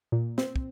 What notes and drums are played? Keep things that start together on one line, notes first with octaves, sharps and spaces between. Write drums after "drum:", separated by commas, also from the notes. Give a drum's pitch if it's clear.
A#2
C4, drum: snare
drum: kick